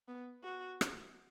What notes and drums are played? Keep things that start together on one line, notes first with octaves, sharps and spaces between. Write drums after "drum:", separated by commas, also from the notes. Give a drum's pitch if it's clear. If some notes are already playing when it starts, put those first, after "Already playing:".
B3
F#4
drum: rim click